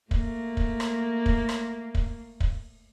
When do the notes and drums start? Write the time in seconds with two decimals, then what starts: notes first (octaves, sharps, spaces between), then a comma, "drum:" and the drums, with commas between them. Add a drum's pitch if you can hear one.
0.11 A3 A#3, drum: kick
0.57 drum: kick
0.80 drum: rim click
1.26 drum: kick
1.49 drum: rim click
1.95 drum: kick
2.40 drum: kick